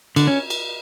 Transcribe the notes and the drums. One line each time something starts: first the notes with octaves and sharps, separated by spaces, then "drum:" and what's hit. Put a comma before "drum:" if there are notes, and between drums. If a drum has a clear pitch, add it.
D3, drum: cymbal
C#4
drum: cymbal